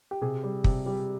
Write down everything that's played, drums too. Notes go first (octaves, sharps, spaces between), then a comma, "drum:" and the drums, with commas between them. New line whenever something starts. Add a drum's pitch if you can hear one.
G4
C3 G#4
G3
C3, drum: kick
G3